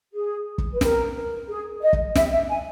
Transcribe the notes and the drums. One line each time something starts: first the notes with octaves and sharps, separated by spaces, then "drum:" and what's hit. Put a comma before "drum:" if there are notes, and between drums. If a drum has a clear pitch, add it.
G#4
drum: kick
B4
A#4, drum: snare
G#4
D#5
drum: kick
E5, drum: snare
E5
G#5